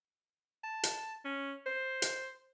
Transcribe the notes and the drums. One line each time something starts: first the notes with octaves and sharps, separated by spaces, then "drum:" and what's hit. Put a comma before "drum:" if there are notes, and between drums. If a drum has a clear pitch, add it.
A5
drum: hi-hat
C#4
C5
drum: hi-hat